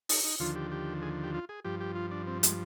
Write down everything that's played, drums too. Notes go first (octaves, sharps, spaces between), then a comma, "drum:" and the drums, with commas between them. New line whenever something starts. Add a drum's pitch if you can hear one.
D#4, drum: open hi-hat
D#4
D#2 D3 F3 F4
G4
G4
G#4
G4
F4
G#4
G2 F3 G4
G4
F4
D4
C4
G#3, drum: hi-hat